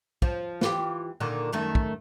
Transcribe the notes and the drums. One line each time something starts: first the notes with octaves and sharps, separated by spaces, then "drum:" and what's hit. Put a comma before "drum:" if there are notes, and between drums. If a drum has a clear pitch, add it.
F3, drum: kick
E3 F4 G4, drum: snare
A#2 D3 D#3
F#2 D#3 A3
drum: kick